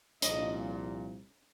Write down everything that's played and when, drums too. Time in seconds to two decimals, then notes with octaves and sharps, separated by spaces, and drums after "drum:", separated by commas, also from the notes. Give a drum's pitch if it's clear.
0.22 C2 A#2 F3 D#5, drum: hi-hat